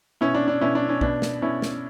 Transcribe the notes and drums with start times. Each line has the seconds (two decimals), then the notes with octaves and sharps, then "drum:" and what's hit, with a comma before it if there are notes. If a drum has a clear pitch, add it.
0.21 B2 C#4 E4
0.35 D4
0.48 D4
0.61 B2 C#4 E4
0.75 D4
0.89 C#4
1.01 B2 D4, drum: kick
1.22 drum: snare
1.42 B2 C#4 E4
1.62 drum: snare